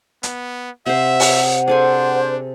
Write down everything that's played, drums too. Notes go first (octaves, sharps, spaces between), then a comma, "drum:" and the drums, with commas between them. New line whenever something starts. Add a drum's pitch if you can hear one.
B3, drum: hi-hat
C3 C5 E5 F#5
drum: open hi-hat
D4 G#4 A4 C5 G#5